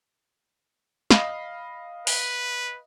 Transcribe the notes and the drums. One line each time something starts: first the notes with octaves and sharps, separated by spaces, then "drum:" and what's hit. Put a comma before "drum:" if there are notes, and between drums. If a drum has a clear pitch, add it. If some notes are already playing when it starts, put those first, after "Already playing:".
D#5 F5 B5, drum: snare
B4, drum: open hi-hat